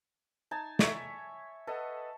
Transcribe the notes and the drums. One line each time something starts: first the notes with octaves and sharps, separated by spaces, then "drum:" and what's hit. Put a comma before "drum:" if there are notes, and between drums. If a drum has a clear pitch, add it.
D#4 G#5 A5
C#5 E5, drum: snare
A4 B4 D#5 F#5